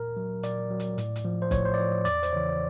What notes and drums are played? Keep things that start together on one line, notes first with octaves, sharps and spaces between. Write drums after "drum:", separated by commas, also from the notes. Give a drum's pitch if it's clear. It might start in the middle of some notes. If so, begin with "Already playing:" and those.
Already playing: A#2 A#4
F#3
A#2 D5, drum: hi-hat
F#3
drum: hi-hat
A2, drum: hi-hat
drum: hi-hat
F3
C5
A2 C#5, drum: kick, hi-hat
C5
D5
F3 C#5
D5
E2 D5, drum: hi-hat
C5, drum: hi-hat
C#3 E3 C#5